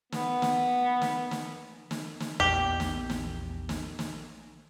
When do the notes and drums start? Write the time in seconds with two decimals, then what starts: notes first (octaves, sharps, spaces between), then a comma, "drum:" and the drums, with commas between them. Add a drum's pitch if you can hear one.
0.12 B3, drum: snare
0.42 drum: snare
1.02 drum: snare
1.31 drum: snare
1.91 drum: snare
2.20 drum: snare
2.40 A#1 E2 G4
2.80 drum: snare
3.10 drum: snare
3.69 drum: snare
3.99 drum: snare